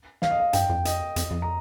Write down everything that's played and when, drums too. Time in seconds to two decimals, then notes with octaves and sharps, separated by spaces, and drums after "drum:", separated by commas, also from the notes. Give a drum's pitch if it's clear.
0.22 F5, drum: snare
0.31 D#5
0.40 F5
0.53 G2 G5, drum: hi-hat
0.69 F2
0.85 D#5, drum: hi-hat
1.16 F2, drum: hi-hat
1.31 F2
1.42 A#5